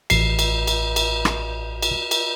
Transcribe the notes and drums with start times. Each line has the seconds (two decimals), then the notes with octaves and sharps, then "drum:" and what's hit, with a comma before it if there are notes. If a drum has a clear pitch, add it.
0.10 A1 C7, drum: cymbal
0.39 drum: cymbal
0.67 drum: cymbal
0.96 drum: cymbal
1.25 drum: rim click
1.82 drum: cymbal
2.11 drum: cymbal